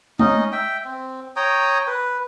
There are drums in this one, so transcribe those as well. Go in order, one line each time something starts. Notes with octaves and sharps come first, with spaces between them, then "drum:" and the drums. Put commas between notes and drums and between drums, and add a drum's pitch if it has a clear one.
C#4 D#4 D#5, drum: tom G#3
E5 G5
C4
C#5 G5 A#5 D#6
B4